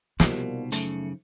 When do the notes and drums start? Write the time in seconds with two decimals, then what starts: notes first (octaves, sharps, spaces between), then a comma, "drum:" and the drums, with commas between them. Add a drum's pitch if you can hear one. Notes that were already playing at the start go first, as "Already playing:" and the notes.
0.20 C2 B2 F3 G3 A#3 D#4, drum: snare
0.72 F#2 C#3 A3 C#7, drum: hi-hat